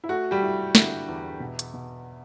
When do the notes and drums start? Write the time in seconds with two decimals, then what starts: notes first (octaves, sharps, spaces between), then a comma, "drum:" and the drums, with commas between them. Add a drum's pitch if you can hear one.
0.04 E4
0.09 A3 F#4
0.31 G3 G4
0.43 E4
0.75 D3 E4, drum: snare
1.08 E2
1.40 B2
1.59 drum: hi-hat
1.74 B2